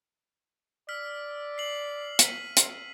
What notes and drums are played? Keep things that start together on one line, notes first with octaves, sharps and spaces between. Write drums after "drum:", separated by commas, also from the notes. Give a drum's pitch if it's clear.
D5 E6 F6 B6
C7 F#7
B6 D#7, drum: hi-hat
drum: hi-hat